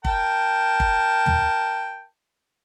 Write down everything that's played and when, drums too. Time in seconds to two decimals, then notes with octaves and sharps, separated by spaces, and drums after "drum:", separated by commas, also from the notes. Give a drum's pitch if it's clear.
0.05 A#4 G5 A5, drum: kick
0.80 drum: kick
1.26 drum: tom